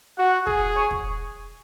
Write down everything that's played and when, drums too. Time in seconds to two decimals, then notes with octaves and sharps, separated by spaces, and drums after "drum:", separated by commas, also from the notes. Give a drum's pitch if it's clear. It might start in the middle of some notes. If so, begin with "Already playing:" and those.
0.18 F#4 F#5
0.46 G#4, drum: kick
0.76 C#5
0.91 drum: kick